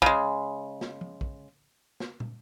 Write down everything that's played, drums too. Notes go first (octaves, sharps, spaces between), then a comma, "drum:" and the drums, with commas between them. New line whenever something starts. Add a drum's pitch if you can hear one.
C#3 G#3, drum: kick
drum: snare
drum: tom
drum: kick
drum: snare
drum: tom